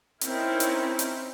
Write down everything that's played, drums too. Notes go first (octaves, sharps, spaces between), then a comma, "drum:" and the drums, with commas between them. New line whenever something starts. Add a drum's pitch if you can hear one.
C4 C#4 D#4 E4 A#4, drum: hi-hat
drum: hi-hat
drum: hi-hat